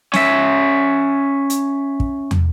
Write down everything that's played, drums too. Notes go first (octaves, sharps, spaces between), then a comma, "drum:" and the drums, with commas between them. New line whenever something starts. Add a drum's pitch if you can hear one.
C#4 E5, drum: snare
drum: hi-hat
drum: kick
drum: tom